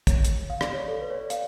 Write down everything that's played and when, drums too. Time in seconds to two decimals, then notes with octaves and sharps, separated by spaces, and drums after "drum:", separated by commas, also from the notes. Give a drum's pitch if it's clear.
0.07 C#5, drum: kick, hi-hat
0.25 drum: hi-hat
0.50 F5
0.61 D5, drum: rim click
0.74 C#5
0.88 A4
1.01 B4
1.10 C#5
1.15 D5
1.30 F5, drum: hi-hat